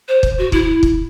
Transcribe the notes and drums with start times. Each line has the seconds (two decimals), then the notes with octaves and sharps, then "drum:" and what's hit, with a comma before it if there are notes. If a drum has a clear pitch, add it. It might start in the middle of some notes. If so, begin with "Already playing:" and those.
0.08 C5
0.23 drum: kick
0.38 F#4
0.52 E4, drum: kick
0.83 drum: kick